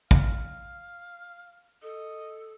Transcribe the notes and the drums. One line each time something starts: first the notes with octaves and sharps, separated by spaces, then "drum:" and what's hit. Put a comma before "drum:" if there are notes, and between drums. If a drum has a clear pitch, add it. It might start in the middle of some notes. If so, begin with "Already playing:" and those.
F5, drum: kick
A4 D#5